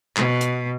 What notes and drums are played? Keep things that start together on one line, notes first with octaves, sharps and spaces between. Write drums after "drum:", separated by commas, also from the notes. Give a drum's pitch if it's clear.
B2, drum: clap
drum: hi-hat